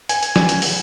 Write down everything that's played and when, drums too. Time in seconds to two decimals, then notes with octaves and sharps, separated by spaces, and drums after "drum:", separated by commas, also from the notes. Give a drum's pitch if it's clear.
0.09 G#5, drum: hi-hat
0.23 drum: hi-hat
0.36 drum: snare
0.49 drum: hi-hat
0.62 drum: open hi-hat